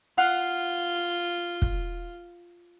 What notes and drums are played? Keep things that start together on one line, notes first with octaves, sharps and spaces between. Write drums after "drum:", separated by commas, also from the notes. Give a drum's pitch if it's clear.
F4 F5 F#5
drum: kick